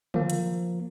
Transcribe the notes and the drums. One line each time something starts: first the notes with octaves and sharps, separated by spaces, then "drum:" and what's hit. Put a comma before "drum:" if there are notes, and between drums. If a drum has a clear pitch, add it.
F3 A#3, drum: tom
drum: hi-hat